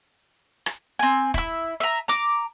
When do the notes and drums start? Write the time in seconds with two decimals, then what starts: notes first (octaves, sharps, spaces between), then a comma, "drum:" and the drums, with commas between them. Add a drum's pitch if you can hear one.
0.66 drum: rim click
0.99 C4 G#5
1.34 E4 E6, drum: kick
1.80 E5 A#5
2.08 A#5 D6, drum: hi-hat